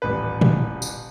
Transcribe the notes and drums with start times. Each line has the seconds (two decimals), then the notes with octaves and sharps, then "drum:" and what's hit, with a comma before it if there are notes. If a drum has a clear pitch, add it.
0.02 D#1 A1 B4
0.41 drum: tom A2
0.82 drum: tambourine